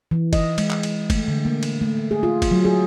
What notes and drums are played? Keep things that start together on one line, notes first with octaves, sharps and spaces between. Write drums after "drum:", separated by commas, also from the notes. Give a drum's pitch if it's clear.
E3
D#5, drum: kick, cymbal
G#3, drum: cymbal
drum: clap
drum: cymbal
A3, drum: kick, cymbal
D3
A#3
drum: cymbal
A3
G#4
F4
drum: kick, cymbal
F#3
G#4